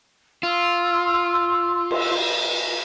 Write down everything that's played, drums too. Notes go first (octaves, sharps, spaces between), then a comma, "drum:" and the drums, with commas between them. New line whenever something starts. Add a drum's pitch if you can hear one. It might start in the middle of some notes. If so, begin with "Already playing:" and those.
F4 C6 E6
drum: cymbal